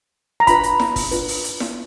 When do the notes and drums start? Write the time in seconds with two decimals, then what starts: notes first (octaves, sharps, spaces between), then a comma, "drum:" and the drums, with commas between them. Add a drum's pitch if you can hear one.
0.40 A#5
0.47 D4 F4 B4 B5, drum: kick, hi-hat
0.63 drum: hi-hat
0.80 drum: snare E4
0.96 drum: kick, open hi-hat
1.11 D4 F4 B4, drum: hi-hat
1.28 drum: open hi-hat
1.44 drum: hi-hat
1.60 drum: snare E4